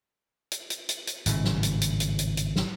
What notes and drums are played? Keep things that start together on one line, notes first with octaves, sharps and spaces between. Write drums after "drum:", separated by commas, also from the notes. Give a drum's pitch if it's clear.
drum: hi-hat
drum: hi-hat
drum: hi-hat
drum: hi-hat
G#1 A2 C#3, drum: hi-hat
drum: snare
drum: hi-hat
drum: hi-hat
drum: hi-hat
drum: hi-hat
drum: hi-hat
drum: snare